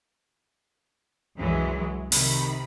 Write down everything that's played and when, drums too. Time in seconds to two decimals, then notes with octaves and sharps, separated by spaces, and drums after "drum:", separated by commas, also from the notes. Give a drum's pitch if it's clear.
1.36 C2 F#2 E3 F#3 G#3
2.12 C3 D#3 B5, drum: open hi-hat